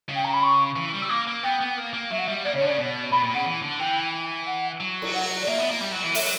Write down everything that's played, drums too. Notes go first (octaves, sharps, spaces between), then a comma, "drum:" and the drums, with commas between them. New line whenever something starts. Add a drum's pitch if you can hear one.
C#3
G5
A#5
B5
C#6
E3
G3
E6
A#3 D6
A#3
B3 G5
B3
A#3
A#3
F#3 E5
F#5
G3 E5
A#3 D5
C#3 C#5
D3
C#3 D5
B2
B2 B5
A#2
C#3 F#5
E3
D3
E3 G5
F#5
F#3
drum: cymbal
F#5
D5
A#3 E5
B3
A#3
G3
F#3
E3
F#3 E5, drum: open hi-hat